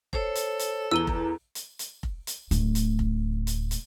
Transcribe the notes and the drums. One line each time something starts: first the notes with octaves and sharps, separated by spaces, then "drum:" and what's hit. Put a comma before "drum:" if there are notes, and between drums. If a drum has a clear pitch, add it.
A4 C5 C#5, drum: kick F1
drum: hi-hat
drum: hi-hat
E2 A#5 E6 D#7 G7
drum: kick F1
drum: hi-hat
drum: hi-hat
drum: kick F1
drum: hi-hat
D1 A3, drum: hi-hat
drum: hi-hat
drum: kick F1
drum: hi-hat
drum: hi-hat